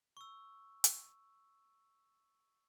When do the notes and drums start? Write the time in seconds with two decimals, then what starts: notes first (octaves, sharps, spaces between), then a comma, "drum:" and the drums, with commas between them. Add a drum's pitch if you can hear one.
0.17 C#6 E6
0.84 drum: hi-hat